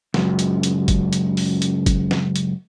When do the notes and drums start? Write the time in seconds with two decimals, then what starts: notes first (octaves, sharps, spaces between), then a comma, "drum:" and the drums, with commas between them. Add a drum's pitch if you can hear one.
0.14 C#2 F#2, drum: snare
0.39 drum: hi-hat
0.63 drum: hi-hat
0.88 drum: kick, hi-hat
1.13 drum: hi-hat
1.37 drum: open hi-hat
1.62 drum: hi-hat
1.86 drum: kick, hi-hat
2.11 drum: snare
2.36 drum: hi-hat